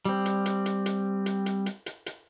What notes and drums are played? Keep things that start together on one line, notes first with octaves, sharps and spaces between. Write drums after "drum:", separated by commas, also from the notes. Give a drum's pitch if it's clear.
G3 C4
drum: hi-hat
drum: hi-hat
drum: hi-hat
drum: hi-hat
drum: hi-hat
drum: hi-hat
drum: hi-hat
drum: hi-hat
drum: hi-hat